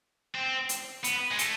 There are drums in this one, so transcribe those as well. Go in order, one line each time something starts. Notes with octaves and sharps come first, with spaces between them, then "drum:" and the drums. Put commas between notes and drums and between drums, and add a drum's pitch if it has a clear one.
C4
drum: hi-hat
B3, drum: hi-hat
G#3
A3, drum: hi-hat